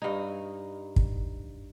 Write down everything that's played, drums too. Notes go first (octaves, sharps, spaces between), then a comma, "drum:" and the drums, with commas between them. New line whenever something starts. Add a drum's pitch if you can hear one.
G2 D#4
drum: kick